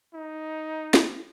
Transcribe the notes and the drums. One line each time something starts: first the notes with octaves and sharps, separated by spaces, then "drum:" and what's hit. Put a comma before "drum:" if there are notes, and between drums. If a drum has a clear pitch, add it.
D#4
drum: snare